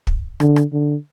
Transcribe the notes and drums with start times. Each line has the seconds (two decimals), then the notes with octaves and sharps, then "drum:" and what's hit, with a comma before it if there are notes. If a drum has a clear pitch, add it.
0.07 drum: kick
0.40 D3, drum: rim click
0.56 drum: rim click
0.72 D3